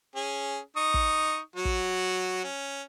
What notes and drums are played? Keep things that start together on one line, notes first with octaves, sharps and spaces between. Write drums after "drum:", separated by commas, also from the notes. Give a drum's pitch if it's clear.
C#4 G#4
D#4 C#6 D#6
drum: kick
F#3 F#4
drum: kick
C#4